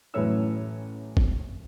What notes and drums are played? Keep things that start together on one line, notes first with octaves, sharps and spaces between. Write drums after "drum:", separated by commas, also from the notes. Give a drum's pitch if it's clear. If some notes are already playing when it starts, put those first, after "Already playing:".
A1 F#2 A2 B4 C#5 E6
drum: kick G1